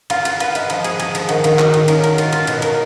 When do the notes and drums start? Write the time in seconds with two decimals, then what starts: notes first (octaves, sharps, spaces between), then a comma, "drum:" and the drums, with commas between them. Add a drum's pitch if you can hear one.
0.10 F4 F5, drum: cymbal
0.25 F4 F#5, drum: cymbal
0.40 B4 F5, drum: cymbal
0.55 B4 D#5, drum: cymbal
0.70 F3 F5, drum: cymbal
0.84 G#4, drum: cymbal
1.00 G#4, drum: cymbal
1.15 F3, drum: cymbal
1.29 D#3 F#5, drum: cymbal
1.44 D#3 F5, drum: cymbal
1.59 D#3 F#4, drum: clap
1.74 D#3 D#4, drum: cymbal
1.88 C#4 A#4, drum: cymbal
2.04 A#4, drum: cymbal
2.18 F4, drum: cymbal
2.33 F4, drum: cymbal
2.47 B2, drum: cymbal
2.62 A#4, drum: cymbal